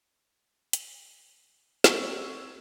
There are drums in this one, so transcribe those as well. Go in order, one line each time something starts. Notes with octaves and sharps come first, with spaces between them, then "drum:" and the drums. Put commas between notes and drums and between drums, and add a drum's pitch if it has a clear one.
drum: hi-hat
C4 C#5 C#6 E6, drum: snare